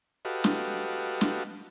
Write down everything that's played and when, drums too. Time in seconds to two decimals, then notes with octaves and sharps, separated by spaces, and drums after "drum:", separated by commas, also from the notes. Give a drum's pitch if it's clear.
0.25 F#4 G4 A4 B4 D#5 F5
0.44 drum: snare
1.21 drum: snare